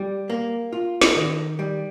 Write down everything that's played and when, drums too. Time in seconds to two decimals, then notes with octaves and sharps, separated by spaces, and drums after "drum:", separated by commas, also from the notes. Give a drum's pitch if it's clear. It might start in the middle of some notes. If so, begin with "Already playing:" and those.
Already playing: G3
0.30 A#3
0.73 F4
1.01 drum: snare
1.16 D#3
1.59 G3